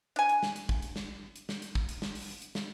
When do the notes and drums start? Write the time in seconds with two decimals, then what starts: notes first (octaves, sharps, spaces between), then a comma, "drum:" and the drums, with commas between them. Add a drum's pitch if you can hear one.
0.16 D4 G#5
0.29 drum: hi-hat
0.43 drum: snare
0.56 drum: hi-hat
0.69 drum: kick
0.82 drum: hi-hat
0.96 drum: snare
1.36 drum: hi-hat
1.49 drum: snare
1.62 drum: hi-hat
1.75 drum: kick
1.89 drum: hi-hat
2.02 drum: snare
2.15 drum: open hi-hat
2.42 drum: hi-hat
2.55 drum: snare